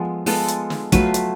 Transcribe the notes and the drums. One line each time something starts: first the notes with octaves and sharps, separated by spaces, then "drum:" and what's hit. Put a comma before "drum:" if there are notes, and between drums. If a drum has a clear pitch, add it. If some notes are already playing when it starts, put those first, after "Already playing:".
Already playing: F3 G#3 B3 F4 A4
G#3 B3 F4 A4, drum: open hi-hat
drum: hi-hat
drum: snare
F#3 A3 F4 B4, drum: kick, hi-hat
drum: hi-hat